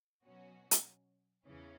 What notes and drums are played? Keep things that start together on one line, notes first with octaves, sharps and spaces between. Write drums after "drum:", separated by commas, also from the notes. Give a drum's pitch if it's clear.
B2 F#3 C#4 F#4
drum: hi-hat
E2 C#3 E3 C#4